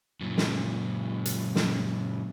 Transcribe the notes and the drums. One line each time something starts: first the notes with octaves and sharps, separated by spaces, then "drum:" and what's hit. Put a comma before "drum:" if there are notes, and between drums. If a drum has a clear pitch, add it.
F#2 A#2
drum: snare
drum: hi-hat
drum: snare